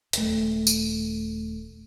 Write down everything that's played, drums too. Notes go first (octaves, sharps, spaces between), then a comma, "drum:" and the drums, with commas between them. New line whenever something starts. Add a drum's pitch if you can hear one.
D#1 A3, drum: hi-hat
drum: tambourine